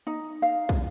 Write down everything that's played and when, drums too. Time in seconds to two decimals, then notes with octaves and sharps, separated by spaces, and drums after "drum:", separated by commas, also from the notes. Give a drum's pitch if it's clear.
0.07 D#4
0.42 F5
0.69 drum: kick